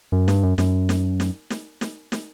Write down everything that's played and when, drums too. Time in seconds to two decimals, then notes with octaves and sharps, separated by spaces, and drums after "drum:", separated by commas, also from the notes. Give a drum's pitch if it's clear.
0.12 F#2
0.28 G2, drum: snare
0.43 F#2
0.58 F#2, drum: snare
0.89 drum: snare
1.20 drum: snare
1.50 drum: snare
1.81 drum: snare
2.12 drum: snare